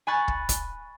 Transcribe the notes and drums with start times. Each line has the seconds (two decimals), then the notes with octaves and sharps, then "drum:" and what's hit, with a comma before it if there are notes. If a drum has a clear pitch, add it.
0.07 G#5 B5 C#6 F#6 A6
0.28 drum: kick
0.49 drum: kick, hi-hat